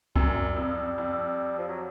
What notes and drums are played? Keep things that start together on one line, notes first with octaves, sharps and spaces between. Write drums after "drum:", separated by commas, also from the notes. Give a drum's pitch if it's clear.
F#2 G3, drum: kick C#2
F2
F2
F3
F#3